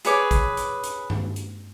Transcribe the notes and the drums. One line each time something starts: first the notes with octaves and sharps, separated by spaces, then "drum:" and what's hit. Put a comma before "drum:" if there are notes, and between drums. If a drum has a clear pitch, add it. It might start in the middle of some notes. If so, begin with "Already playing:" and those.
G#4 B4 C#5 D6, drum: hi-hat
drum: kick A1, hi-hat
drum: hi-hat
drum: hi-hat
drum: tom G2
drum: hi-hat